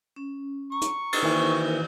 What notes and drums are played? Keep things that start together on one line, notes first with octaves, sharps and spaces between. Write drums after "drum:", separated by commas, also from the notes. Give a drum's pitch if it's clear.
C#4
A#5 C#6
drum: hi-hat
drum: cymbal
D#3 E3 A#3 C5 E6